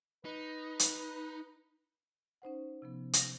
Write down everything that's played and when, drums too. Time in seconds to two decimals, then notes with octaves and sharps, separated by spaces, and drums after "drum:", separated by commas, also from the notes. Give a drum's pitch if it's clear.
0.25 D#4 B4
0.79 drum: hi-hat
2.42 C#4 D#4 C5 F#5
2.82 C3 F3 B3
3.13 A#6, drum: hi-hat